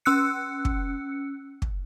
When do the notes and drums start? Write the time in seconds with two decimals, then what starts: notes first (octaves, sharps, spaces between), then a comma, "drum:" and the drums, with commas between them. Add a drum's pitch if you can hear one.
0.05 C#4 E6 F#6 C#7
0.65 drum: kick
1.62 drum: kick